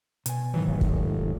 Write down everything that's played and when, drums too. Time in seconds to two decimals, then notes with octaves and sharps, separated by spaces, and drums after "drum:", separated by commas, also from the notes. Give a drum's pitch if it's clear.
0.26 B2 G#5, drum: hi-hat
0.54 G#2 D#3 E3 F#3
0.68 F1
0.81 drum: kick